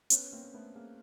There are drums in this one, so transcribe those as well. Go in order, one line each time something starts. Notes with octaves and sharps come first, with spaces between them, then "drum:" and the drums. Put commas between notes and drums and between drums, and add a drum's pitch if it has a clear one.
B3 C#4, drum: hi-hat
A#3 C4
C4
A3 B3
G#3 A#3